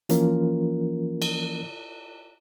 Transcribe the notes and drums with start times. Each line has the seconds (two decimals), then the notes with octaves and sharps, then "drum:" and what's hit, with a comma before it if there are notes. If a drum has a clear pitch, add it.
0.09 E3 F3 A#3 C#4 F4 A#4, drum: hi-hat
1.22 drum: cymbal